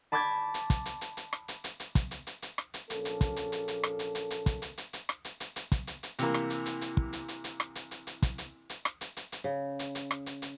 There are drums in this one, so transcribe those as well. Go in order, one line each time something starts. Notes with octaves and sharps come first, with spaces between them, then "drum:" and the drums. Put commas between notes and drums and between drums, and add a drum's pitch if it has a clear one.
A5 B5 D6 G6 G#6 B6
drum: hi-hat
drum: kick, hi-hat
drum: hi-hat
drum: hi-hat
drum: hi-hat
drum: rim click
drum: hi-hat
drum: hi-hat
drum: hi-hat
drum: kick, hi-hat
drum: hi-hat
drum: hi-hat
drum: hi-hat
drum: rim click
drum: hi-hat
A#1 A#3 C#4 A4, drum: hi-hat
drum: hi-hat
drum: kick, hi-hat
drum: hi-hat
drum: hi-hat
drum: hi-hat
drum: rim click
drum: hi-hat
drum: hi-hat
drum: hi-hat
drum: kick, hi-hat
drum: hi-hat
drum: hi-hat
drum: hi-hat
drum: rim click
drum: hi-hat
drum: hi-hat
drum: hi-hat
drum: kick, hi-hat
drum: hi-hat
drum: hi-hat
C3 E3 A#3, drum: hi-hat
drum: rim click
drum: hi-hat
drum: hi-hat
drum: hi-hat
drum: kick
drum: hi-hat
drum: hi-hat
drum: hi-hat
drum: rim click
drum: hi-hat
drum: hi-hat
drum: hi-hat
drum: kick, hi-hat
drum: hi-hat
drum: hi-hat
drum: rim click
drum: hi-hat
drum: hi-hat
drum: hi-hat
C#3
drum: hi-hat
drum: hi-hat
drum: rim click
drum: hi-hat
drum: hi-hat